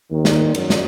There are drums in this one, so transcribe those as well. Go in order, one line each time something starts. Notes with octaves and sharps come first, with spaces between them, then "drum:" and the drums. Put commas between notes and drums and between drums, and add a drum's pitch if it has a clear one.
D#2 D#3
drum: snare
F#2 F#3, drum: cymbal
drum: snare